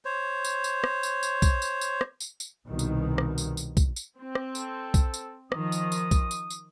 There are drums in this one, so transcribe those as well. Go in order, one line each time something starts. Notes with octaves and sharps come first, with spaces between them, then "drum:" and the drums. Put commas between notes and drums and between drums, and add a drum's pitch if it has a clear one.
C5 C#5
drum: tambourine
drum: tambourine
drum: rim click
drum: tambourine
drum: tambourine
drum: kick, tambourine
drum: tambourine
drum: tambourine
drum: rim click
drum: tambourine
drum: tambourine
C2 B2 D#3
drum: tambourine
drum: rim click
drum: tambourine
drum: tambourine
drum: kick, tambourine
drum: tambourine
C4
drum: rim click
A4, drum: tambourine
drum: kick, tambourine
drum: tambourine
D#3 F3 D#6, drum: rim click
drum: tambourine
drum: tambourine
drum: kick, tambourine
drum: tambourine
drum: tambourine